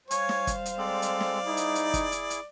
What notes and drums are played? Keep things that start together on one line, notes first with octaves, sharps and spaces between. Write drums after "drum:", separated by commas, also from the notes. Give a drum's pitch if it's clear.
G3 C5 C#5 F5 G#5, drum: hi-hat
drum: snare
drum: kick, hi-hat
drum: hi-hat
G#3 C4 A4 D5
drum: hi-hat
drum: snare
D#4 E4 G#4
drum: hi-hat
drum: hi-hat
drum: kick, hi-hat
drum: hi-hat
drum: hi-hat